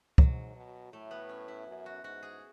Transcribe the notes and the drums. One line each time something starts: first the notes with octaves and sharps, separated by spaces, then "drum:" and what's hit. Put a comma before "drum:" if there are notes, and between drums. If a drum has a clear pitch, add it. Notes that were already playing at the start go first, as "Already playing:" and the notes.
G#2 F#3, drum: kick
B2
A2 A3
B3
C#4
E4
F#2
F#4
G#2 F#4
G#4